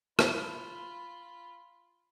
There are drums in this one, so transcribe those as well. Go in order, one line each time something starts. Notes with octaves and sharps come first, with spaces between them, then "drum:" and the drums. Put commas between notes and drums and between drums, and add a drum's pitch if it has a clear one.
F4 B5, drum: rim click